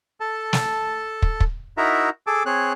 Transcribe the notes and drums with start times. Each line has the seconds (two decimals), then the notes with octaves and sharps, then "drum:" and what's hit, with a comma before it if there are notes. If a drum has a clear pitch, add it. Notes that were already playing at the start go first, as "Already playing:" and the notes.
0.20 A4 A5
0.53 drum: snare
1.22 drum: kick
1.40 drum: kick
1.77 D#4 E4 F#4 A#4 E5 A#5
2.27 G#4 A4 A5 D6
2.46 C4 G#4 C#5 F#6